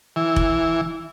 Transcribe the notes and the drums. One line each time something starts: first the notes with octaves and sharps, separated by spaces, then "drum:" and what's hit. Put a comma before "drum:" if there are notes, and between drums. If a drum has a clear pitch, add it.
E3
drum: kick F1